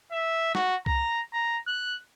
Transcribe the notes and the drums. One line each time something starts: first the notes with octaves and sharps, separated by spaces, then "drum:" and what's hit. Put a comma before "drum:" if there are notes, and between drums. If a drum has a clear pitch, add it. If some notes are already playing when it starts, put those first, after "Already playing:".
E5
F#4, drum: snare
A#5, drum: kick C2
A#5
F#6